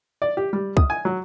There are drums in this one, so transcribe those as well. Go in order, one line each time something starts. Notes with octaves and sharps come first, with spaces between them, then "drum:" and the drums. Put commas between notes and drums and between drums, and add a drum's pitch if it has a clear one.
D5
G4
G3
D#6, drum: kick
G#5
F#3